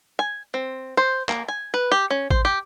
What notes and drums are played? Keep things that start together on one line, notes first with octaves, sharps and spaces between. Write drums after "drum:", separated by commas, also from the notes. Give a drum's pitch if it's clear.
G#5
C4
C5
A#3, drum: clap
G#5
B4
G4
C#4
C5, drum: kick
G4